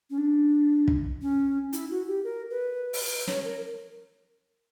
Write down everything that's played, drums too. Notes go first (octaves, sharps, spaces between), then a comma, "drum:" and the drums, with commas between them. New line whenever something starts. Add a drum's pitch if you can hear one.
C#4
D4
drum: kick
C#4
E4, drum: hi-hat
F#4
G4
A#4
B4
drum: open hi-hat
C#5, drum: snare
A#4